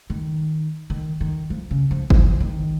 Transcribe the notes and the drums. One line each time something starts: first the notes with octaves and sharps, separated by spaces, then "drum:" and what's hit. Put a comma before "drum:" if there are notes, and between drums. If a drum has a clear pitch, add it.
D#3
D#3
D#3
F3
C#3
F3
F3, drum: kick G1
D#3